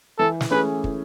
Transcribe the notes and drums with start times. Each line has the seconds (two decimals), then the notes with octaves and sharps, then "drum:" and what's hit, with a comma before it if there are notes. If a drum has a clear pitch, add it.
0.19 E3 A4
0.41 drum: snare
0.51 A3 C#4 G#4 B4
0.84 E3, drum: kick